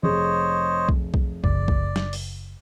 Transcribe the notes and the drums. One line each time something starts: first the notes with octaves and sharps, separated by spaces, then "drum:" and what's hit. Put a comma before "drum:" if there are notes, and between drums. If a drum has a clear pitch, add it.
F1 G#4 C5 C#5 D#5
drum: kick B1
drum: kick B1
F#1 D5, drum: kick B1
drum: kick B1
drum: snare
drum: open hi-hat